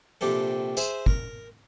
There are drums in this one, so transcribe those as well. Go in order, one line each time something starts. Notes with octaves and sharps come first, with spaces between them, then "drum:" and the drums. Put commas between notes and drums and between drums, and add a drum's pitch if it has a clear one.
A#1 C3 G4 A4
G#4 C5 E5, drum: tambourine
A#4, drum: kick